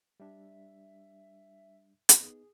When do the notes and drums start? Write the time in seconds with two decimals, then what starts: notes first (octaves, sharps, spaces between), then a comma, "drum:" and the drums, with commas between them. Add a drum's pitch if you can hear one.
0.20 G3 D4 E5
2.09 drum: hi-hat
2.21 B3 D#4 G#4